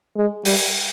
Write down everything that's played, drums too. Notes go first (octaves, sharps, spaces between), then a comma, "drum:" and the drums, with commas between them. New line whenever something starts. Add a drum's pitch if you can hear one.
G#3
G3, drum: open hi-hat